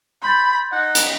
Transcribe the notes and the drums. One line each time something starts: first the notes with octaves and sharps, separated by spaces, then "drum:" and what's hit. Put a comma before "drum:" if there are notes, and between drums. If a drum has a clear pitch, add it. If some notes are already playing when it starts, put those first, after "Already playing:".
B5 C6 G6 A6
D#4 F#5
drum: hi-hat